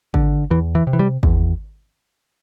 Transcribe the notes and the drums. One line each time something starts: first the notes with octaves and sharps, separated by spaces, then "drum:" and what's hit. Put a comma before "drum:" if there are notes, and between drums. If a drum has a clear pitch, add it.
D3, drum: kick G#1
E2 E3
E3
C3
E3
G3
E2, drum: kick G#1